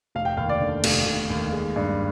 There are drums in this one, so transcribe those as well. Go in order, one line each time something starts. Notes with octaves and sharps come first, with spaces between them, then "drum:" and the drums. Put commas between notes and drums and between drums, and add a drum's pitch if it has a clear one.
F1 F5
G5
D#2 F5
D5
D3
F1, drum: cymbal
F1
D#2
G#3
G2